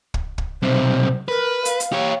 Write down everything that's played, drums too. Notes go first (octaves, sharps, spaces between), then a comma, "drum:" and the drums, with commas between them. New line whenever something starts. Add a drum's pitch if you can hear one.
drum: kick
drum: kick
B1 C3 C5
A#4 B4
F5, drum: hi-hat
drum: hi-hat
G4 C#5